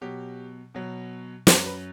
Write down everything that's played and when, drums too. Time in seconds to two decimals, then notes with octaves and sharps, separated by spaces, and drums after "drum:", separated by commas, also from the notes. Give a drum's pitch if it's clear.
0.01 B2 F#3 G4
0.75 B2 F#3
1.47 F#2 F#3 A4, drum: snare
1.66 B4